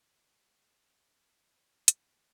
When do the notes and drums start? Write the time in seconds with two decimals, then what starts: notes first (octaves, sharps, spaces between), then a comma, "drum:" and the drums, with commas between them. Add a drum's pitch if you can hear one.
0.03 A#4 C#5
1.88 G4, drum: hi-hat